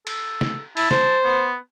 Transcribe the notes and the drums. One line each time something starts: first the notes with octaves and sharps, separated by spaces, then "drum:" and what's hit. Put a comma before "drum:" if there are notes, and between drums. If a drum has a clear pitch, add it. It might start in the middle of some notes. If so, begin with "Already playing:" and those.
A4, drum: cymbal
drum: snare
E4 A5, drum: open hi-hat
C5, drum: snare
B3